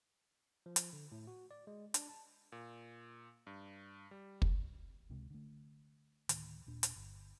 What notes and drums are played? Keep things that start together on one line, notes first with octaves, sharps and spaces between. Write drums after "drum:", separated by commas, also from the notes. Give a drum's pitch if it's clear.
F3
drum: hi-hat
D3
A2
F#4
D5
G#3
D4, drum: hi-hat
A5
A#2
G2
G3
drum: kick
C#2 C3 G#3
D3 A3
D2 A2 D#3, drum: hi-hat
D#1 A#2 D4
drum: hi-hat
G1